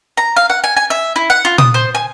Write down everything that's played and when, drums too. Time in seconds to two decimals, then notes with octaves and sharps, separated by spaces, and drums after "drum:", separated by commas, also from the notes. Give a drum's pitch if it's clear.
0.17 A#5
0.36 F5
0.50 F#5
0.64 G#5
0.77 G#5
0.90 E5
1.16 E4
1.30 F#5
1.45 F4
1.58 D#6, drum: tom A#2
1.74 C5
1.95 G#5